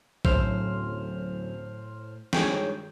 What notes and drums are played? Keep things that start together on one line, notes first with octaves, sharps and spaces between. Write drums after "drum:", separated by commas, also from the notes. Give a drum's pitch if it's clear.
D1 F#2 A2 C5 E6 F6, drum: kick
G2 D#3 G#3 G#4 C#5 G5, drum: snare